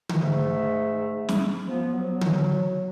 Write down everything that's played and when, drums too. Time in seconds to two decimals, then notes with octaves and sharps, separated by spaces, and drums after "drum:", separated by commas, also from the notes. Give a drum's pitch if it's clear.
0.09 drum: tom D3
0.21 G#2 A3 E5
1.29 drum: snare
1.68 F3 B3
1.93 F#3
2.21 drum: tom D3